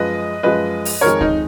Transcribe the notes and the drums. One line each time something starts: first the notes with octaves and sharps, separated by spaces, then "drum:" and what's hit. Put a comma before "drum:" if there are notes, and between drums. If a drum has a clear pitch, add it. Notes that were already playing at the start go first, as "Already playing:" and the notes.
Already playing: F#2 F3 G#3 B4 D#5
F#2 F3 G#3 B4 D#5
drum: open hi-hat
F2 D#3 G#3 A#4 C#5
D#4, drum: kick C#2